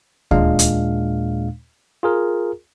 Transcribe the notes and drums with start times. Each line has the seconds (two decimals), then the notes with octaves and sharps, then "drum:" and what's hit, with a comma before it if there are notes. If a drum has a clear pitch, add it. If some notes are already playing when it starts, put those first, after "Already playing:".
0.31 D#2 A#2 G#3 D4 F5, drum: kick D2
0.59 drum: hi-hat
2.03 F4 G#4 A#4